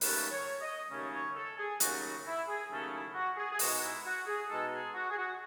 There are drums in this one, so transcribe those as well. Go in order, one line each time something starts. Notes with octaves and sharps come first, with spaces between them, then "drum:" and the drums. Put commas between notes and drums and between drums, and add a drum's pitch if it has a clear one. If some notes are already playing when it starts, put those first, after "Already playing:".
D#2 C#3 F#3 A3 C#4 B4, drum: open hi-hat
C#5
D#5
D#2 C#3 F#3 A3 C#4 C#5
C#5
A4
G#4
D#2 C#3 F#3 A3 C#4 F#4, drum: hi-hat
F#4
E4
G#4
D#2 C#3 F#3 A3 C#4 A4
E4
F#4
G#4
G#4
B2 G#3 D#4 F#4, drum: open hi-hat
F#4
E4
F#4
G#4
B2 G#3 D#4 A4
G#4
F#4
G#4
F#4